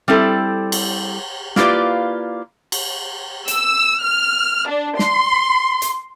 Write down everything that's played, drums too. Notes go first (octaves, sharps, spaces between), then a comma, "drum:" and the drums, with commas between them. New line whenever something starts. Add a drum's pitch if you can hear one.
G3 C4 E4 A4
drum: cymbal
A#3 E4 F4 G4 B4 D5, drum: snare
drum: cymbal
E6, drum: hi-hat
F6
D4
C6, drum: snare
drum: hi-hat